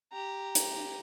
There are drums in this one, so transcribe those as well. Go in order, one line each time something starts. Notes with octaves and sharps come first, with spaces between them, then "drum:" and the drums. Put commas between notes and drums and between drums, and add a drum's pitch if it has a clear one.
G4 A#5
drum: hi-hat